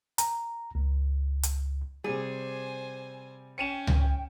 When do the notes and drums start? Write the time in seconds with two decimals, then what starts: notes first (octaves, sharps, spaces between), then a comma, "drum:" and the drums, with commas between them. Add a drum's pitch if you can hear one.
0.18 A#5, drum: hi-hat
0.75 C#2
1.43 drum: hi-hat
2.04 C3 G3 G#4 C5 G#5
3.58 C#4 G5 C#7 D#7 E7
3.87 drum: tom C#2